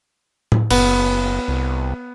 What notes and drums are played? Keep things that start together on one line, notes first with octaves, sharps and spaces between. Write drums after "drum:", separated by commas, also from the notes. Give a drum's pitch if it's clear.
drum: tom A2
F#1 B3, drum: cymbal
C2